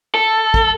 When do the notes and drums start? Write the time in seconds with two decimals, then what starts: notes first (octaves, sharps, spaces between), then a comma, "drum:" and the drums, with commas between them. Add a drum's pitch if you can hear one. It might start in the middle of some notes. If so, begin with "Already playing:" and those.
0.15 A4
0.54 drum: kick